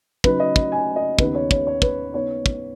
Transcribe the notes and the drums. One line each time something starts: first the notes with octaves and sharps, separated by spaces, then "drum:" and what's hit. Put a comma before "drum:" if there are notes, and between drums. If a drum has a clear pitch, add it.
C#3 F#3 D#4 B4, drum: kick
D#5
drum: kick
G#5
D#5
D#2 C#3 B3 D#4 B4, drum: kick
C#5
C#5, drum: kick
C#5
B4, drum: kick
C#3 B3 D#4 C#5
drum: kick